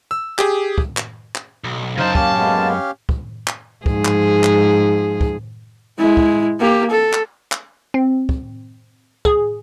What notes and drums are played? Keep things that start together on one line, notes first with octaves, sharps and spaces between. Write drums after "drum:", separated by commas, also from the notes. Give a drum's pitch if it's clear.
E6
G4 G#4, drum: clap
drum: kick
drum: clap
drum: clap
B1
F#2 C#3 D#4 C5 F5 A5
A#3 C#4 G4 F5 A5, drum: kick
G#3 A#3 B3
drum: kick
drum: clap
G#2 F3 G#4, drum: kick
drum: clap
drum: clap
drum: kick
G#3 E4
drum: kick
A#3 G4
A4
drum: clap
drum: clap
C4
drum: kick
G#4, drum: kick